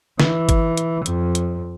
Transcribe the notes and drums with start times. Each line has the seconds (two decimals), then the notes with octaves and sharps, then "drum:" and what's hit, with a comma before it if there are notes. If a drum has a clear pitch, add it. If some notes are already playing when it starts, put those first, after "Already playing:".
0.20 E3, drum: snare
0.49 drum: kick G1, hi-hat
0.77 drum: hi-hat
1.06 F2, drum: hi-hat
1.35 drum: hi-hat